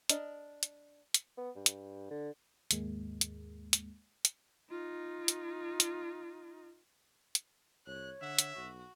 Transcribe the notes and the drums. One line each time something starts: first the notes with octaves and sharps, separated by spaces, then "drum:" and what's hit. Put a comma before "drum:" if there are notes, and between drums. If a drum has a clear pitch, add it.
D4 A#4 D#5, drum: hi-hat
drum: hi-hat
drum: hi-hat
B3
G2
drum: hi-hat
D3
D#2 G#2 G#3 A#3, drum: hi-hat
drum: hi-hat
drum: hi-hat
drum: hi-hat
D#4 F4
drum: hi-hat
drum: hi-hat
drum: hi-hat
C2 C#5 F#6
D3 E5 F#5
drum: hi-hat
B1 F#4